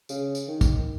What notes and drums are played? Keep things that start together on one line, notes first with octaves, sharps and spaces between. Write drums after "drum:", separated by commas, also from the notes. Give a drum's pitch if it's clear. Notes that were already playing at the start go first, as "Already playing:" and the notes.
C#3, drum: tambourine
drum: tambourine
D#3
drum: kick, tambourine